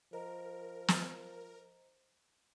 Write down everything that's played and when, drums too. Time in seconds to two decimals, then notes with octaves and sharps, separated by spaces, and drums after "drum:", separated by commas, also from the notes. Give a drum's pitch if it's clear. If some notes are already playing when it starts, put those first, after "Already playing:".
0.13 F3 A#4 C5 D#5 A#5
0.88 drum: snare